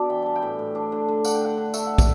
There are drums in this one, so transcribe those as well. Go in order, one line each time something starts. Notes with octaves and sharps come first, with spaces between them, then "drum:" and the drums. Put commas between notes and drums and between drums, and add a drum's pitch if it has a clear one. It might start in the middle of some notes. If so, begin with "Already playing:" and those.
Already playing: B2 D4 D5 E5
E3 G5
G3 A5
G5
A2
A2
D4
D3
D3
D4 F#5, drum: tambourine
G5
D3 F#5
D3
A3 E5, drum: tambourine
F#5
E5, drum: kick, tambourine